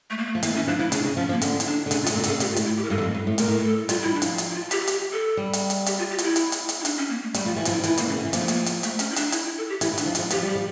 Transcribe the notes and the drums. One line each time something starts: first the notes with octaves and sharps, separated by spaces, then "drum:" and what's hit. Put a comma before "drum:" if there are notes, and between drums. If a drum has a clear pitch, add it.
A3
A#3
A3
F3
E3 A#3, drum: hi-hat
E3 C#4
F3 D4
F3 E4
C#3 D4, drum: hi-hat
C#3
F3 C#4
F3 A#3
D3 C#4, drum: hi-hat
E4, drum: hi-hat
D4
D3
C#3 D4, drum: hi-hat
F4
C#3, drum: hi-hat
A#2 A4
D3, drum: hi-hat
C#3 A4
A#2 G4, drum: hi-hat
F4
A2, drum: hi-hat
E4
G4
A#4
G2 A4
E2
F2
G2
A2
A#2 A#4, drum: hi-hat
A2
A#4
A4
G3 F4, drum: hi-hat
G3 E4
D4
F3, drum: hi-hat
F4, drum: hi-hat
E4
F4
G4, drum: hi-hat
G4, drum: hi-hat
A4
G3
drum: hi-hat
drum: hi-hat
G4, drum: hi-hat
F4
G4
F4, drum: hi-hat
E4
drum: hi-hat
drum: hi-hat
drum: hi-hat
E4
D4, drum: hi-hat
C#4
A#3
A3
G3 A3, drum: hi-hat
F3 F4
E3 E4
F3 F4, drum: hi-hat
E4
F3
E3 E4, drum: hi-hat
A#2 A#3, drum: hi-hat
C#3 C#4
D3
E3
F3 A#3, drum: hi-hat
A3
A#3, drum: hi-hat
drum: hi-hat
A3, drum: hi-hat
C#4, drum: hi-hat
E4
D4, drum: hi-hat
E4, drum: hi-hat
E4
A4
G4
E3 E4, drum: hi-hat
E3
D4, drum: hi-hat
F3
F4, drum: hi-hat
F3
F3 G4, drum: hi-hat
G3 G4
F3